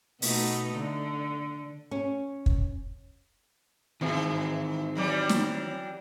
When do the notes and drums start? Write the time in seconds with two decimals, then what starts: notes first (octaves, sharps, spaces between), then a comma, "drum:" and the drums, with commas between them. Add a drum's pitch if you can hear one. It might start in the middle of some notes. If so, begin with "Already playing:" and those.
0.22 B2 A3 D#4, drum: open hi-hat
0.76 D3
1.91 C#4
2.46 drum: kick
4.01 D#3 E3 C4 G#4
4.95 E3 F#3 G3
5.30 drum: snare